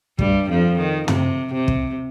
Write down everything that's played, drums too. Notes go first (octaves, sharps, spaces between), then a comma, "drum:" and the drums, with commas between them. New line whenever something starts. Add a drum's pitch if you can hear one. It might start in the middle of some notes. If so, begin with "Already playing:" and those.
G2 G3, drum: kick
F2 F3
D#3
C3, drum: tom
C3
drum: kick